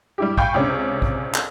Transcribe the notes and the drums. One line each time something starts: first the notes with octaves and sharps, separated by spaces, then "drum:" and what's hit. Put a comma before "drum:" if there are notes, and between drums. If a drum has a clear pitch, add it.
G3 E4 G4
F5 G5 G#5 B5 C#6 G6, drum: kick
C#2 C3 C#4 D4
drum: kick
drum: clap